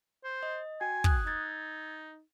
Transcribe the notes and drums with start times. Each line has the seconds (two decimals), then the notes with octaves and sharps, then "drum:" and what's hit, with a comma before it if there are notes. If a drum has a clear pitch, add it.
0.25 C5
0.43 D#5
0.81 F#4 G5 G#5
1.04 D#6 F#6 G#6, drum: kick
1.27 D#4 E6 G#6 A6